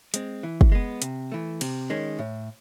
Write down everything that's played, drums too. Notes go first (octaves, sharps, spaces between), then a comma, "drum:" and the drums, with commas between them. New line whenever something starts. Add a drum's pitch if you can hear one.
G#3 C4, drum: hi-hat
E3
drum: kick
G#3 B3
C3, drum: hi-hat
E3 A3
C3, drum: cymbal
D#3 G#3 C#4
A2